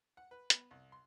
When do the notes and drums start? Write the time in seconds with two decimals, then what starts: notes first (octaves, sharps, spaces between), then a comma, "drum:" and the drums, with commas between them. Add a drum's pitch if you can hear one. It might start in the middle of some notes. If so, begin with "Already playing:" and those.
0.17 F#5
0.31 B4
0.50 B3, drum: hi-hat
0.71 C2
0.92 C6